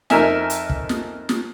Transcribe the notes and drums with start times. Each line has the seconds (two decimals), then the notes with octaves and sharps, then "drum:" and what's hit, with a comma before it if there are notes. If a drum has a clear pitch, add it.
0.10 F2 D#4 A#4 E5 G#5, drum: snare
0.50 drum: hi-hat
0.69 drum: kick
0.89 drum: snare
1.29 drum: snare